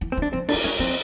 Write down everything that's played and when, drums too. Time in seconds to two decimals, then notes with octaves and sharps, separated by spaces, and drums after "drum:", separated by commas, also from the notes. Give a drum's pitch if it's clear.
0.01 E3
0.12 C4
0.17 E3
0.22 D4
0.33 F3 C4
0.49 D4, drum: cymbal
0.54 F3
0.64 F#3 C#4
0.79 F3 C4